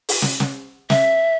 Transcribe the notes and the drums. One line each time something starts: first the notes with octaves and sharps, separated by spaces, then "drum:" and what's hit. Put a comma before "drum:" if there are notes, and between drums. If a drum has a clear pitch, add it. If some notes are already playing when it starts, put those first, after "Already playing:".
drum: open hi-hat
drum: snare
drum: snare
E5, drum: snare